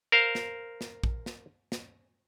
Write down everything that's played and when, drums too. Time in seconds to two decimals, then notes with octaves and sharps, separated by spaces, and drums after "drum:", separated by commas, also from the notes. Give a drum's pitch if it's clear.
0.12 A#4 C5 F5
0.35 drum: snare
0.81 drum: snare
1.04 drum: kick A#1
1.26 drum: snare
1.72 drum: snare